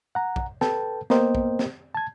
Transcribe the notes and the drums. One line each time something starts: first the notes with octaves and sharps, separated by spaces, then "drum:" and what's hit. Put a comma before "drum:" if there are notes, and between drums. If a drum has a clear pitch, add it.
F#5 A#5
drum: kick
A4 B4 G5 A5, drum: snare
A#3 B3 A#4 C5 D#5 G5, drum: snare
drum: kick
drum: snare
A5 G#6